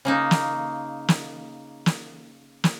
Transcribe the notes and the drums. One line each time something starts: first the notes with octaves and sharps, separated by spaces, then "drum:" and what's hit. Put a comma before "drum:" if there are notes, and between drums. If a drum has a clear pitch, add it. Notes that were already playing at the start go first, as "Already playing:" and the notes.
C#3 A#3 D#4
drum: snare
drum: snare
drum: snare
drum: snare